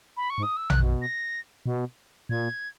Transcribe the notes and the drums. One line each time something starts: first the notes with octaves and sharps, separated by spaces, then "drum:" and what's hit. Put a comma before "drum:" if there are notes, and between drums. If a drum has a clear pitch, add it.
B5
C#6
G#2
D#6
E6
F#6, drum: tom A#1
B2
A#6
B2
A#2 G#6